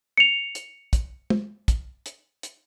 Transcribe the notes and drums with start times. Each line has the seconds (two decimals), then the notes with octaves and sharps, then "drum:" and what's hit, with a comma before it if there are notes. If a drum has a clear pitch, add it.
0.17 C#7 F7
0.55 drum: hi-hat
0.93 drum: kick, hi-hat
1.30 drum: tom
1.68 drum: kick, hi-hat
2.06 drum: hi-hat
2.43 drum: hi-hat